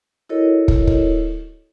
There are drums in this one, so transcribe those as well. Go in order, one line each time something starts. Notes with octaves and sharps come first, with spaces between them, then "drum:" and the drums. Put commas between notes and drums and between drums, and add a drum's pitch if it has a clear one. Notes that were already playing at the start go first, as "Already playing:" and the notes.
E4 F#4 A4 A#4 C#5 D#5
drum: kick
drum: kick